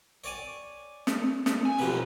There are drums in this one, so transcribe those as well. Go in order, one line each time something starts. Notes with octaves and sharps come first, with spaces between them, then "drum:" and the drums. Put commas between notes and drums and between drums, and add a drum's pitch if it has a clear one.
C#5 D5 G#5
drum: snare
drum: snare
G#5
B1 F2 G4 B4